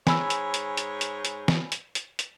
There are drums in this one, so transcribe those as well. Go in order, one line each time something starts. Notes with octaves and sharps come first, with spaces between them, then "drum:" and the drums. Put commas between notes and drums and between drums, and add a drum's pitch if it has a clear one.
G#2 C#5 G#5 B5 E6, drum: snare
drum: hi-hat
drum: hi-hat
drum: hi-hat
drum: hi-hat
drum: hi-hat
drum: snare
drum: hi-hat
drum: hi-hat
drum: hi-hat